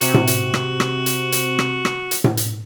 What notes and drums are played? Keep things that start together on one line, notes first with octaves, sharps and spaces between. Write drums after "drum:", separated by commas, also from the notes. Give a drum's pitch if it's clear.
C3 F#4, drum: hi-hat
drum: tom A2
drum: hi-hat
drum: rim click
drum: rim click
drum: hi-hat
drum: hi-hat
drum: rim click
drum: rim click
drum: hi-hat
drum: tom A2
drum: hi-hat